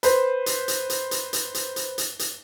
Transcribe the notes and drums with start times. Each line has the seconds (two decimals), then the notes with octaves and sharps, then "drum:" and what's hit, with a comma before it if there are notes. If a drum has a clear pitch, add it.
0.03 B4 C5, drum: hi-hat
0.46 drum: hi-hat
0.68 drum: hi-hat
0.90 drum: hi-hat
1.11 drum: hi-hat
1.33 drum: hi-hat
1.54 drum: hi-hat
1.76 drum: hi-hat
1.98 drum: hi-hat
2.19 drum: hi-hat